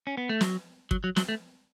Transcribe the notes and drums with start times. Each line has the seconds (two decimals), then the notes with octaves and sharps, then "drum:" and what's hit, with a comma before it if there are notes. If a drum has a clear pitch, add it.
0.07 C#4
0.17 B3
0.29 A3
0.41 F#3, drum: snare
0.91 F#3, drum: kick
1.04 F#3
1.16 F#3, drum: snare
1.29 A3